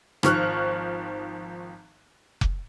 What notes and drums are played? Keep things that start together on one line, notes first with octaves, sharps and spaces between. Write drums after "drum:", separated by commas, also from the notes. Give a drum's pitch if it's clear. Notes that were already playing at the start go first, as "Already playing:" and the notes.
G#1 D#3 F3 C#6 F6 F#6, drum: rim click
drum: kick F1